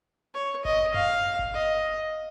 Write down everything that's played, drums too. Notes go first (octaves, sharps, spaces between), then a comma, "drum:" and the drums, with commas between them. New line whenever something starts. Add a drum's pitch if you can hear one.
C#5
D#5, drum: kick G1
F5, drum: tom F#2
drum: kick G1
D#5